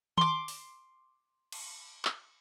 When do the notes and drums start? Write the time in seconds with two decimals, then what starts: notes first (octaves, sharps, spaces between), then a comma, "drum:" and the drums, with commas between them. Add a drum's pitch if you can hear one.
0.18 C6 D6, drum: tom D#3
0.48 drum: open hi-hat
1.52 drum: cymbal
2.05 drum: clap